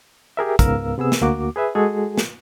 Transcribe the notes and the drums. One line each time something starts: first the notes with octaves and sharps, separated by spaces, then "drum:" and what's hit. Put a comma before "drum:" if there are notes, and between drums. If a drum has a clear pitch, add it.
G4 G#4 A#4 E5
C#2 G#2 B3 A#4 F5 E6, drum: kick, hi-hat
C3 B3 G#4 E6
drum: snare
D2 A#3 F#4 D6
G#4 B4 E5
G#3 F#4 G#4 A4
drum: snare